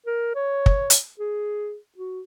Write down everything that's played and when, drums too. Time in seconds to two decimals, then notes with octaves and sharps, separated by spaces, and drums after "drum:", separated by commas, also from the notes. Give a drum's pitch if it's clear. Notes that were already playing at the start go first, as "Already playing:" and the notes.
0.06 A#4
0.35 C#5
0.66 drum: kick
0.90 drum: hi-hat
1.19 G#4
1.98 F#4